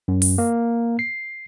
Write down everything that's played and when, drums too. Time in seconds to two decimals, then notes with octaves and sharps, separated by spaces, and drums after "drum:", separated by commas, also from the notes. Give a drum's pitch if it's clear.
0.08 F#2
0.22 drum: open hi-hat
0.38 A#3
0.99 C7